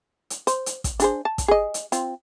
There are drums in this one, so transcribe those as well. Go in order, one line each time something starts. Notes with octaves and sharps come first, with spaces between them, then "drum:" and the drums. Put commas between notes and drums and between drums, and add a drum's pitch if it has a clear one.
drum: hi-hat
C5, drum: hi-hat
drum: hi-hat
drum: kick, hi-hat
D4 G#4 C5, drum: hi-hat
A5
drum: kick, hi-hat
G#4 D#5
drum: hi-hat
C4 F4, drum: hi-hat